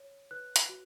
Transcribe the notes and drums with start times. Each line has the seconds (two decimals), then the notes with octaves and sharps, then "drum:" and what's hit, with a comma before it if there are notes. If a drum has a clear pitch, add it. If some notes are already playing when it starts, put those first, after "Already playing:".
Already playing: C#5
0.31 B4 F#6
0.56 drum: hi-hat
0.69 F#4